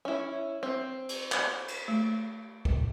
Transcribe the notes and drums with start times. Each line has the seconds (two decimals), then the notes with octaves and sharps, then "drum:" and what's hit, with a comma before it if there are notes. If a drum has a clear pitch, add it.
0.05 C#4 E4
0.63 C4
1.09 drum: cymbal
1.32 drum: clap
1.68 drum: cymbal
1.88 A3
2.65 drum: kick